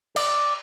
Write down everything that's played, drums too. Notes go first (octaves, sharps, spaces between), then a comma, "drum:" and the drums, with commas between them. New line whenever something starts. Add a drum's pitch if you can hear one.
D5, drum: cymbal